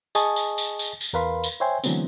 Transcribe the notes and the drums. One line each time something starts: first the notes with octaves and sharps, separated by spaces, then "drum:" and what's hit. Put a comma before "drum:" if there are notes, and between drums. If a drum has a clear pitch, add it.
G#4 D#5 G#5 A5 C#6 D#6, drum: tambourine
drum: tambourine
drum: tambourine
drum: tambourine
drum: tambourine
E2 A#4 B4 F5 B5 C6
drum: tambourine
C5 C#5 E5 G5 G#5 C6
D3 E3 F#3 A3 B3 C4, drum: tambourine